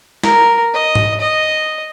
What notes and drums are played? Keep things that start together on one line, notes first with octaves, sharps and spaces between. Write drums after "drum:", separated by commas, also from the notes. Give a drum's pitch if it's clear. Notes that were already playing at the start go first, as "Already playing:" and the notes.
A#4, drum: snare
D#5
drum: tom G#2
D#5